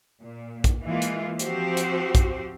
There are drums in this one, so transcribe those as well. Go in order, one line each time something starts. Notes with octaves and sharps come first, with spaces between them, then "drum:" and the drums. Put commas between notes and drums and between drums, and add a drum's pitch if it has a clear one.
A#2
drum: kick A#1, hi-hat
E3 G#3 A#3 F4
drum: hi-hat
F3 C4 F#4 G4 C5, drum: hi-hat
drum: hi-hat
drum: kick A#1, hi-hat